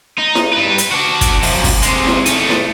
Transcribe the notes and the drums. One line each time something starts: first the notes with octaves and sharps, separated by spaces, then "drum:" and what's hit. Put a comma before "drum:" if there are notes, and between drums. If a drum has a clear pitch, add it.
D#4
drum: snare E4
G3 B4
drum: hi-hat
D4 F#4
drum: kick, hi-hat
F#2 F3, drum: open hi-hat
drum: kick, open hi-hat
C3 G#3, drum: hi-hat
drum: snare E4
A3 D#4, drum: hi-hat
drum: snare E4